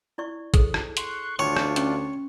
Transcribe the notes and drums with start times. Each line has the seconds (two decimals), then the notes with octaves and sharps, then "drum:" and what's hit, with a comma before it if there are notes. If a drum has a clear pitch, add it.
0.18 E4 D5 C#6
0.54 G#4 A4 C5, drum: kick, hi-hat
0.74 drum: rim click
0.97 C6 C#6 F#6, drum: hi-hat
1.39 D2 D4 F4 C#5 G5 C6
1.57 drum: rim click
1.76 C#4 C#6, drum: hi-hat